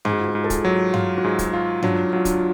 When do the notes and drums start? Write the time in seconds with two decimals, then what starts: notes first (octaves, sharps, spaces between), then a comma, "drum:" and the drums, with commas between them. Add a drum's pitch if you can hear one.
0.05 G#2 G#4, drum: tom G2
0.13 F#4
0.20 F4
0.28 F#4
0.35 G#2
0.44 A4
0.50 G#4, drum: kick, hi-hat
0.65 F#3
0.94 F4, drum: tom G2
1.18 F#4
1.24 G#2 G#4
1.39 drum: kick, hi-hat
1.53 F4
1.83 F#3 D4, drum: tom G2
1.94 F4
2.05 D4
2.13 F#3 F4
2.25 D4, drum: kick, hi-hat